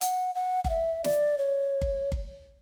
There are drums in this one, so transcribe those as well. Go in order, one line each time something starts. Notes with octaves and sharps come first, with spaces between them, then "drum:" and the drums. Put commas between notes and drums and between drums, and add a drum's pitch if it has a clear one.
F#5, drum: hi-hat
F#5
F#5, drum: kick G1
E5
D5, drum: snare
C#5
drum: kick G1
drum: kick G1